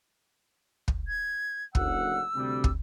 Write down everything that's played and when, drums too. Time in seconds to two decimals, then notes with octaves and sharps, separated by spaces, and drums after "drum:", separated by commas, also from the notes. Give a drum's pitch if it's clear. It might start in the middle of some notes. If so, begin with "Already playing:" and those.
0.88 drum: kick
1.08 G#6
1.75 F#1 D2 F#5 E6, drum: kick
2.35 D2 C3 G3
2.64 drum: kick